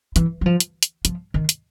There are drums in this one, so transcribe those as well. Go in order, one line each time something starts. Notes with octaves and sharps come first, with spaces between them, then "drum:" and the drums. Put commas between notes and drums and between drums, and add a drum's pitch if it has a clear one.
E3, drum: hi-hat
F#3
F3
drum: hi-hat
drum: hi-hat
F3, drum: hi-hat
D#3
drum: hi-hat